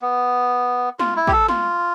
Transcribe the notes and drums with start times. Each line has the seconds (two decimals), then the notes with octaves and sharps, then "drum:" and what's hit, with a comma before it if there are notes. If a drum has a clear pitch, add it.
0.02 B3
0.99 F4, drum: snare
1.16 E4
1.27 G4, drum: kick
1.32 A4
1.48 F4, drum: snare